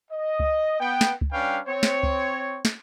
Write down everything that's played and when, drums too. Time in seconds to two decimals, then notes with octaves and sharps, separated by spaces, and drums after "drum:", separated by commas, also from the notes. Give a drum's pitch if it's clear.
0.11 D#5
0.40 drum: kick C#2
0.80 B3 G5
1.01 drum: snare
1.21 drum: kick C#2
1.32 G3 C#4 D4 B4 F5 G5
1.67 C4 C#5
1.83 drum: snare
2.03 drum: kick C#2
2.65 drum: snare